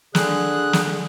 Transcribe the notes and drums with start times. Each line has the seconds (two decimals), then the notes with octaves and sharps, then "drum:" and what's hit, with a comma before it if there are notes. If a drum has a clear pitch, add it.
0.15 D3 G#4 F#6, drum: snare
0.73 drum: snare